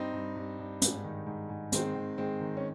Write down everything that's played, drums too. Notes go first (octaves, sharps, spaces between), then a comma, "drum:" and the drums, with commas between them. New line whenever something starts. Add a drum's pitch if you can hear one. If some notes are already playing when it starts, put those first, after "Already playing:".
Already playing: G2 C4 D#4
G2
G2
G2
G#2, drum: hi-hat
D#3
G#2
G#2
D#3 G#3 C4, drum: hi-hat
D#3
D#3 G#3 C4
D#3
C#4